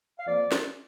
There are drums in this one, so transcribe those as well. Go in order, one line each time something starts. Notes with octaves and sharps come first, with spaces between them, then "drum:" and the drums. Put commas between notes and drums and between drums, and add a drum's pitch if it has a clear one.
F5
F2 F3 A#3 D5
drum: snare